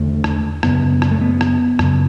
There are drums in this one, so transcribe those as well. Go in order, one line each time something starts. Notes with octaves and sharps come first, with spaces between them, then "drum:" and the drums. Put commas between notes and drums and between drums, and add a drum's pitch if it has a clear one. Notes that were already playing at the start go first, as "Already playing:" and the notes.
Already playing: E2 D3 A3
drum: rim click
F#2 C#3 B3, drum: rim click
drum: rim click
A3
B3
drum: rim click
F#2 C#3, drum: rim click